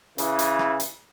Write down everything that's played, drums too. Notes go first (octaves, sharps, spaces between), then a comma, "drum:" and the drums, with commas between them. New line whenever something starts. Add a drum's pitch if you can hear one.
C#3 E3, drum: hi-hat
drum: hi-hat
drum: rim click
drum: hi-hat